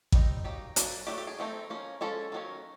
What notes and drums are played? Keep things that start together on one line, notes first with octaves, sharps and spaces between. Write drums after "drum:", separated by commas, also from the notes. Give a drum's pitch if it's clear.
G3 C4 D#4, drum: kick A1
F#3 A#3 D#4 G4
F#3 A#3 D4, drum: hi-hat
F#3 A3 D4 G4
G4
G#4
F3 A3 C4 D#4
F3 A#3 C#4
F3 G#3 C#4 A4
D#3 F#3 A#3 C#4